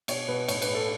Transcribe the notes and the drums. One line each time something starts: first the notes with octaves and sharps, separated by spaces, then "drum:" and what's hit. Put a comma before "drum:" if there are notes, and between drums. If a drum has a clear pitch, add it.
B2 C#5, drum: cymbal
B2 B4
A2 C#5, drum: cymbal
B4, drum: cymbal
A2
A4